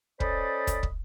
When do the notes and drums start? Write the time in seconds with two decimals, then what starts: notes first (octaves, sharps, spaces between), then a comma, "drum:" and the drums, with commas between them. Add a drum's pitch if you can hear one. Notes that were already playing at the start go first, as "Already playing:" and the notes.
0.20 C#4 A4 C5 D5 D#5 B5, drum: kick
0.67 drum: kick, hi-hat
0.83 drum: kick